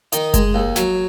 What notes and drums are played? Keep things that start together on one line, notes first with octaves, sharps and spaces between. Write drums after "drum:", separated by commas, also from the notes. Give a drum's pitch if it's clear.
D#3 D#5, drum: hi-hat
G#3, drum: kick F#1, hi-hat
D#2
F#3, drum: snare